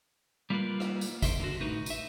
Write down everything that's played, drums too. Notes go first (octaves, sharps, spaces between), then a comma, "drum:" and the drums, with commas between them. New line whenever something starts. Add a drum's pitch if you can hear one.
G3 A#3 F4 G#4 A#4 B4
drum: rim click
drum: tambourine
A#4 C5 C#5 D#5 E5, drum: kick G#1, tambourine
D3 F#4
D2 A2 D#4 F#4 B4
B4 E5, drum: tambourine